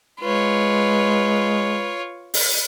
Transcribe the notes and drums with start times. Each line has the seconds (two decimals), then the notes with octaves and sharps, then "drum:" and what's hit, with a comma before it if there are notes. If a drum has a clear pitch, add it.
0.21 G#3 F4 B4 C#5
2.34 drum: open hi-hat